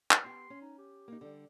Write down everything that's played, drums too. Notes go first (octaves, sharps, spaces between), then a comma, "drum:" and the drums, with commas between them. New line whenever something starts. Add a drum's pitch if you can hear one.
drum: clap
B3 G4 C6
C#4
D#4
G4
A#3 D#4
D3 G3